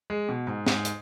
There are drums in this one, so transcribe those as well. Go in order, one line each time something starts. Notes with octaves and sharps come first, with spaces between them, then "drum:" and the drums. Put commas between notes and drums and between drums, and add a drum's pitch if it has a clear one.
G#3
B2
G#2
G#2, drum: snare
drum: hi-hat